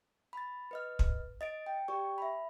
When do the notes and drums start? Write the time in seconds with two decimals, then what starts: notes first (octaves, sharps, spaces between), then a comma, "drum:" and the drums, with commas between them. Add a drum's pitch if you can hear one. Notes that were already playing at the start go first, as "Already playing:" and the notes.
0.33 B5 A6
0.71 B4 D#5 F6
0.99 drum: kick
1.41 D#5 A6 D7
1.66 G5
1.88 G4 D5 G5 C#6
2.18 E5 B5